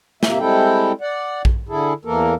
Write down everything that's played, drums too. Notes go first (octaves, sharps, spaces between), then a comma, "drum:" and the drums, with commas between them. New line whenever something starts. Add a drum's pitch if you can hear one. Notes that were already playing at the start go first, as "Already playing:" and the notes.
C3 A#3 E5, drum: snare
G3 G#3 C4 E4 A4 G5
D5 F#5
drum: kick A#1
D3 E4 G#4 A4
E2 E3 A#3 A4 A#4